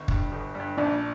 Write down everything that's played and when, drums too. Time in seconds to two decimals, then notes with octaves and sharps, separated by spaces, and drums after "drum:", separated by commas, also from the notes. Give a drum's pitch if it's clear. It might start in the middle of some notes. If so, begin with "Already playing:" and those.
Already playing: G1
0.08 G2 G3, drum: kick
0.32 G1
0.55 G3
0.60 G2
0.78 A#1 D4